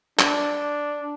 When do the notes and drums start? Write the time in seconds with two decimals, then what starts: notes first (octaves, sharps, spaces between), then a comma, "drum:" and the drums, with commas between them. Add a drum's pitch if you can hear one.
0.19 D4, drum: clap